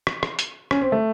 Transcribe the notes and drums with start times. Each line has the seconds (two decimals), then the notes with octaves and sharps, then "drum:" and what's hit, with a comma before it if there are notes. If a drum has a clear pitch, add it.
0.07 drum: rim click
0.23 drum: rim click
0.39 drum: hi-hat
0.71 C#4, drum: rim click
0.81 C4
0.92 A3